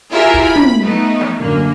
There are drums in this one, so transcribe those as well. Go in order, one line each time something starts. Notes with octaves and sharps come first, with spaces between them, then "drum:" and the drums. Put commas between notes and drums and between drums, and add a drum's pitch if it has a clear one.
E4 F4 G4 G#4 A#4 E5
drum: kick
B5
drum: tom
A3 B3 D#4
drum: snare
F#2 D3 A#3